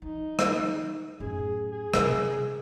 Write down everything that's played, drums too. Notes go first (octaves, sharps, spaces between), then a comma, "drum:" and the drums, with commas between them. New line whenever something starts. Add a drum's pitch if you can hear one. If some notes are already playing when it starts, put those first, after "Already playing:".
E3 D#4
drum: rim click
F#2 A2 G#4
G#4
C3, drum: rim click